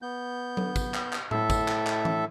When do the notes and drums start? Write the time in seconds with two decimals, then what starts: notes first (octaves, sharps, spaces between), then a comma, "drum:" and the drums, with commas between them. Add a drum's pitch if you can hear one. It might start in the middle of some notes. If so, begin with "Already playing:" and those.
0.02 B3 G6
0.57 drum: tom F#3
0.76 drum: kick, tambourine
0.94 drum: clap
1.13 drum: clap
1.31 A2 A4 E5, drum: tom A2
1.50 drum: kick, tambourine
1.68 drum: clap
1.87 drum: clap
2.05 drum: tom E3